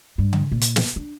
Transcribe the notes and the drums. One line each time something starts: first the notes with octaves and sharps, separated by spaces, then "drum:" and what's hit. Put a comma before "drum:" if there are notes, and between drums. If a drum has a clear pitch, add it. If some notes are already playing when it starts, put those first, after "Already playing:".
G2
drum: tom C#3
A#2
drum: hi-hat
drum: snare
D4